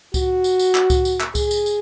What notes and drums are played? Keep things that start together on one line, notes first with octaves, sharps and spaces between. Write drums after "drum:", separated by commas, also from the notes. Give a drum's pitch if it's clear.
F#4, drum: kick C#2, tambourine
drum: tambourine
drum: tambourine
drum: clap
drum: kick C#2, tambourine
drum: tambourine
drum: clap
G#4, drum: kick C#2, tambourine
drum: tambourine
drum: tambourine